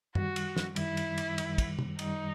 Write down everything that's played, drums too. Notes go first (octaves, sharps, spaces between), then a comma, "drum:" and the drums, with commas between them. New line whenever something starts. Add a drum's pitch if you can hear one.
F#2 D#3 G3 F#4, drum: tom
drum: cymbal
drum: snare
F#2 D#3 G3 E4, drum: cymbal
drum: cymbal
drum: cymbal
F#2 D#3 G3, drum: cymbal
drum: kick, cymbal
drum: tom
F#2 D#3 G3 D#4, drum: cymbal